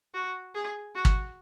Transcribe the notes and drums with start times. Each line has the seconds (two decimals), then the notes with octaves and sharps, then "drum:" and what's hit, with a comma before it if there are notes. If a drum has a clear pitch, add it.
0.14 F#4
0.55 G#4
0.95 F#4
1.05 drum: kick